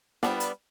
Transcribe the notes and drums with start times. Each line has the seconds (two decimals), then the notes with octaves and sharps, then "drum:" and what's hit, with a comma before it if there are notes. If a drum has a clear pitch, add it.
0.23 G3 B3 D4, drum: snare
0.40 drum: hi-hat